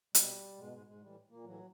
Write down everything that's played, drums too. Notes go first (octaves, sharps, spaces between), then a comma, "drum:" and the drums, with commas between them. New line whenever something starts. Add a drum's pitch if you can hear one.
B2 G3, drum: hi-hat
G#2 B2 G#3
G#2 G#3
G#2 G#3
A2 E3 G3
A#2 A#3
A2 E3 F#3